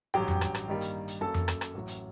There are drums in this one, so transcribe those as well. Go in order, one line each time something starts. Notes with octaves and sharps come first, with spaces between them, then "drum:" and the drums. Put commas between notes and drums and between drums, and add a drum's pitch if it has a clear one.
A1 G2 F#3 G4 G5
drum: tom F2
drum: rim click
drum: rim click
G2 D#3 G3 A#3
drum: hi-hat
drum: hi-hat
F#2 F#3 A#3 A4 A5
drum: tom F2
drum: rim click
drum: rim click
A1 A2 F#3
drum: hi-hat